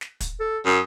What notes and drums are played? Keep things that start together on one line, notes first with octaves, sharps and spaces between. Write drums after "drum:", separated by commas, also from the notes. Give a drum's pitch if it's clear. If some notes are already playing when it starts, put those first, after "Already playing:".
drum: snare
drum: kick, hi-hat
A4
F#2 D#6